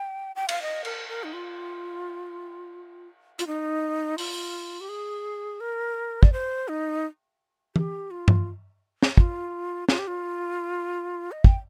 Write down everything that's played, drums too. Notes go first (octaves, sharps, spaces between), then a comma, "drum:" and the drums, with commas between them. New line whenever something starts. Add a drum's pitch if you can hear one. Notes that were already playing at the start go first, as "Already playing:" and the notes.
Already playing: G5
G5
F5, drum: cymbal
D#5
A#4, drum: cymbal
A#4
D#4
F4
F4, drum: hi-hat
D#4
F4, drum: open hi-hat
G4
G#4
A#4
D5, drum: kick
C5
D#4
G4, drum: tom E3
F4
drum: tom G2
drum: snare
F4, drum: kick
F4, drum: snare
G4
F4
D#5
G5, drum: kick